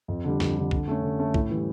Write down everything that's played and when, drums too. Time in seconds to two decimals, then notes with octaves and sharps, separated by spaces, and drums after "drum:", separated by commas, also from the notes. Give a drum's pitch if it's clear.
0.08 F2
0.24 D3 G3
0.40 F2, drum: snare
0.56 D3 G3
0.71 D3, drum: kick
0.88 A3 C#4
1.03 D3
1.19 A3 C#4
1.34 A2, drum: kick
1.50 E3 G3